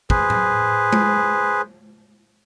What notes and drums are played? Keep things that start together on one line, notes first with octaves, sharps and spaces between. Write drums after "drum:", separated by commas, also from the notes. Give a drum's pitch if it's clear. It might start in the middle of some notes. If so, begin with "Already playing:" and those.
G#4 B4 C5, drum: kick
drum: tom A2
drum: tom G#3